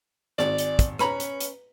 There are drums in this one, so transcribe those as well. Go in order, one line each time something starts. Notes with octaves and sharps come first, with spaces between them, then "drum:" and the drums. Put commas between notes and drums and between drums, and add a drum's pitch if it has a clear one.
G#1 D5, drum: rim click
drum: hi-hat
drum: kick, hi-hat
C#4 B4 A#5 B5, drum: rim click
drum: hi-hat
drum: hi-hat